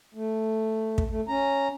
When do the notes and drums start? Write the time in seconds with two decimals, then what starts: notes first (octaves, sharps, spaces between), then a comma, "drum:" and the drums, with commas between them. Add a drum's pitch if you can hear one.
0.15 A3
0.98 drum: kick
1.10 A3
1.28 C#4 A#5